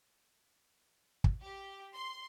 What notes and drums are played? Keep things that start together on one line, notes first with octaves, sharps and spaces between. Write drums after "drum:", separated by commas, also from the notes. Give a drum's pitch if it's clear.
drum: kick
G4
C6